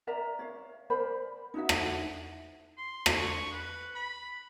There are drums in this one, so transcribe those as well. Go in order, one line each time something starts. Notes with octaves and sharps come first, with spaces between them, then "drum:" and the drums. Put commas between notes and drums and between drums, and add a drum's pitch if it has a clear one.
A#4 D5 E5 A#5
C#5 F5
A#4 C5 D5 B5
D#4 E4 F#4 E5
drum: rim click
C6
drum: rim click
C#6
B4
B5